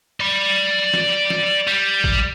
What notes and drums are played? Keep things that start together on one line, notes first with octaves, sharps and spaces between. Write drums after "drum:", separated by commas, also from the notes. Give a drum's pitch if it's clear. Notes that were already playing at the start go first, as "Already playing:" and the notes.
D5 B5
drum: snare
drum: snare
G3
drum: kick A1